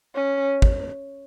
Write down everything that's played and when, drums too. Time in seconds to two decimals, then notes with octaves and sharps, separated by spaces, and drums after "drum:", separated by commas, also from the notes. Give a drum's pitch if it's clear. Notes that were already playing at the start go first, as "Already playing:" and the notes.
0.15 C#4
0.62 drum: kick